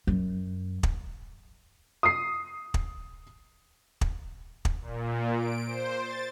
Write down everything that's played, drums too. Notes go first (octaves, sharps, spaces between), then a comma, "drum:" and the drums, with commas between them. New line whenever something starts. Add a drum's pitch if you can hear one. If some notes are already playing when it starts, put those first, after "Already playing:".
F#2
drum: kick
D#6 C7
drum: kick
drum: kick
drum: kick
A#2
D7
C5
A6